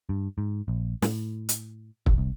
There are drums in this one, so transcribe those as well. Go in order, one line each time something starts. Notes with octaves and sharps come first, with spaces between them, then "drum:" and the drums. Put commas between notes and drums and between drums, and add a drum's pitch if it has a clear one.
G2
G#2
A#1
A2, drum: snare
drum: hi-hat
D#1, drum: kick
C2